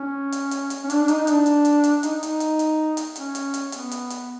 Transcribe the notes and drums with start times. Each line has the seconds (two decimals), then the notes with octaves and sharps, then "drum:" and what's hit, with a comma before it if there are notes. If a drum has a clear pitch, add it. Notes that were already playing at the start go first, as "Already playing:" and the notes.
Already playing: C#4
0.32 drum: hi-hat
0.51 drum: hi-hat
0.70 drum: hi-hat
0.84 C#4
0.90 D4, drum: hi-hat
1.01 D4
1.08 D#4, drum: hi-hat
1.18 D#4
1.27 D4, drum: hi-hat
1.46 drum: hi-hat
1.65 drum: hi-hat
1.84 drum: hi-hat
2.03 D#4, drum: hi-hat
2.23 D#4, drum: hi-hat
2.40 drum: hi-hat
2.59 drum: hi-hat
2.97 drum: hi-hat
3.16 C#4, drum: hi-hat
3.35 drum: hi-hat
3.54 drum: hi-hat
3.72 B3, drum: hi-hat
3.91 drum: hi-hat
4.10 drum: hi-hat